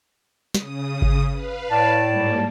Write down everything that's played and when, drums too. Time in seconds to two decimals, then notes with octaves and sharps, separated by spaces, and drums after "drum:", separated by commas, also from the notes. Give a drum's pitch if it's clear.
0.54 C#3 D#6, drum: snare
1.02 drum: kick G#1
1.32 B4 F5
1.70 A2 D5 A5
2.08 G#2 G3 A#3